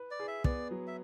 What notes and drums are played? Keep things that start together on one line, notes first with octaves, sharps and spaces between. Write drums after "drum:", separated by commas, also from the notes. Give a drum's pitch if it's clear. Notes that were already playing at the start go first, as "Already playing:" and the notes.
Already playing: B4
D5
G#4
E5
B3 D5, drum: kick
F#3
E5